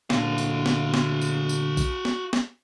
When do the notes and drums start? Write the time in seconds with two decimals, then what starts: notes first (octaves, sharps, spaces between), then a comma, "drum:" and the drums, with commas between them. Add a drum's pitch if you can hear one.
0.10 D2 A#2 D3 F#4 F5, drum: snare
0.38 drum: tambourine
0.66 drum: snare
0.94 drum: snare
1.21 drum: tambourine
1.49 drum: tambourine
1.77 drum: kick A#1, tambourine
2.05 drum: snare
2.33 drum: snare